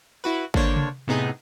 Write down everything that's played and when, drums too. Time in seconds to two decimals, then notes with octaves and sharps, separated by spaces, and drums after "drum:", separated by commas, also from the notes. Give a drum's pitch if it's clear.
0.24 E4 F#4 B4
0.54 D3 A#3 D4 C5 C#5, drum: kick G#1
0.76 drum: tom C3
1.07 A2 C3 B3 D#4 G#4